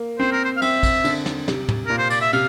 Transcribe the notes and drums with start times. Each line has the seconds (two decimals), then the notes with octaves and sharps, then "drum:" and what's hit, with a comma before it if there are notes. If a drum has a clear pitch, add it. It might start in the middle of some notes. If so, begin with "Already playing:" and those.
Already playing: A#3
0.19 C4 C5
0.32 A#4
0.44 C5
0.57 F5
0.62 C4 E5, drum: cymbal
0.83 drum: kick A#1, cymbal
1.04 D3, drum: cymbal
1.26 drum: snare
1.48 C3, drum: snare
1.69 drum: tom
1.87 A#2 A#4
1.98 C5
2.10 D5, drum: cymbal
2.21 E5
2.33 C3 F5, drum: cymbal